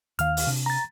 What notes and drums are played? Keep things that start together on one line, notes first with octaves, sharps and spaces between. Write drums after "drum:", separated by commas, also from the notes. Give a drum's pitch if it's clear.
D#2 D#3 F5 F6, drum: hi-hat
drum: open hi-hat
C3 D4
A#5 A6